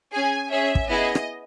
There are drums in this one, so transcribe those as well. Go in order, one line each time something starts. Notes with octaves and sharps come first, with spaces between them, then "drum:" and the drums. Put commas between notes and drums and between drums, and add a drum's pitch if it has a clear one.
C#4 G#4 G#5
C#4 G#4 E5
drum: kick
B3 E4 G#4 D#5
drum: rim click